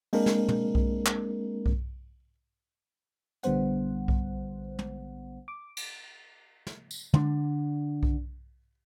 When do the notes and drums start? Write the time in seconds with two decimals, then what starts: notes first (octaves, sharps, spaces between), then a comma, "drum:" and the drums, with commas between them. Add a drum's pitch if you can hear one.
0.13 G#3 A#3 C4 D4 A#4, drum: open hi-hat
0.26 drum: snare
0.48 drum: tom
0.75 drum: kick B1
1.06 drum: clap
1.66 drum: kick B1
3.43 A#1 D3 G3 B3 C5 F#5, drum: hi-hat
4.08 drum: kick B1
4.79 drum: tom
5.48 D6
5.77 drum: cymbal
6.67 drum: snare
6.91 drum: tambourine
7.14 D3 D4, drum: tom
8.03 drum: kick B1